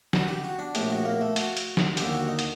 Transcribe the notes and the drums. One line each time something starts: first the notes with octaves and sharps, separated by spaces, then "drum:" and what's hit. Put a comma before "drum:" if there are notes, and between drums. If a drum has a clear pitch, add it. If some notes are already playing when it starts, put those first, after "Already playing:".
F#4, drum: snare
G4
F#4
D4
A#1 A2 G4, drum: hi-hat
F#4
A#3
A3
F#4, drum: hi-hat
drum: hi-hat
drum: snare
D#2 D3 G4, drum: hi-hat
F#4
D#4
drum: hi-hat